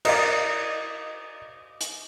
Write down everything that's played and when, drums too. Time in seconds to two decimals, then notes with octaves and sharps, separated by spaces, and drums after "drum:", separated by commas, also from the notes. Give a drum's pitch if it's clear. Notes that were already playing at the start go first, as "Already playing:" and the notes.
0.05 A#4 D5 D#5, drum: cymbal
1.81 drum: hi-hat